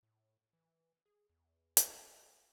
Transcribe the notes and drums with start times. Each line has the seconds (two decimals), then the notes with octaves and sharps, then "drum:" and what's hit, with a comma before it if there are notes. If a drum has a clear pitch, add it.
0.03 A2
0.53 E3
1.06 G#4
1.30 E2
1.77 drum: hi-hat